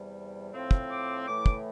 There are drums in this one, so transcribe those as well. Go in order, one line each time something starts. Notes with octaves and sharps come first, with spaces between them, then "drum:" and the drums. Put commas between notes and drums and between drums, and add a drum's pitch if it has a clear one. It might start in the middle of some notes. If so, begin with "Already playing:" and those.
Already playing: E2 C3 G3
A2 F3 C4 F4
drum: kick
D6
A2 E3 A3 D6
drum: kick